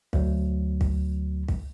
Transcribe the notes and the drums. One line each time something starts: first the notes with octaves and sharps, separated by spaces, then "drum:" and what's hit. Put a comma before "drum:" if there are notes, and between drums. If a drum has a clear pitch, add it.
D2 F#3, drum: kick
drum: kick
drum: kick